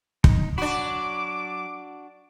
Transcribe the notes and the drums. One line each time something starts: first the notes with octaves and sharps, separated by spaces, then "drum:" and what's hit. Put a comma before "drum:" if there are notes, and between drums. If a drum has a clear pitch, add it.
D#4, drum: kick
F#3 D4 F#4 B5 D6